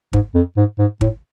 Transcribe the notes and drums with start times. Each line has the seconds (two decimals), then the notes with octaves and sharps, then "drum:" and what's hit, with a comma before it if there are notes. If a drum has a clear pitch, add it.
0.13 G#2, drum: kick
0.34 F2
0.57 G#2
0.79 G#2
1.01 A2, drum: kick